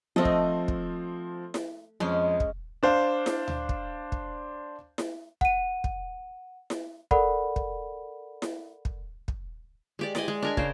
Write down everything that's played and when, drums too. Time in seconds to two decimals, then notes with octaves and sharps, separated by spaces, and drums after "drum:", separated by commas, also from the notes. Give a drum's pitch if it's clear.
0.16 F3 A3 C4 D#5
0.25 drum: kick
0.68 drum: kick
1.54 drum: snare E4
2.00 F2 G#3 C#4
2.40 drum: kick
2.83 D4 C5 F5
3.26 drum: snare E4
3.48 drum: tom D2
3.69 drum: kick
4.12 drum: kick
4.98 drum: snare E4
5.41 F#5 D#7, drum: kick
5.84 drum: kick
6.70 drum: snare E4
7.11 A4 A#4 D5 F#5 B5, drum: kick
7.56 drum: kick
8.42 drum: snare E4
8.85 drum: kick
9.28 drum: kick
9.99 G#3 G4 D5
10.15 D5 D#5 G#5, drum: snare E4
10.28 G#3
10.42 D4 A#4 G#5
10.57 C#3 C5 G5, drum: kick